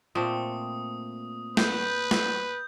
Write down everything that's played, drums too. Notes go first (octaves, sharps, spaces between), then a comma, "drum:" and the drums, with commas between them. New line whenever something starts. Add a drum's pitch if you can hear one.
A#2 A3 C4 D#6
B4 G6, drum: snare
drum: snare